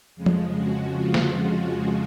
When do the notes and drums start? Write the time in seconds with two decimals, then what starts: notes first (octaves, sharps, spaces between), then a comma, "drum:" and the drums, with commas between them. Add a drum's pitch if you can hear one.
0.16 F2 C#3 F3 G#3
0.26 drum: tom
0.56 F#4
0.96 F4
1.14 drum: snare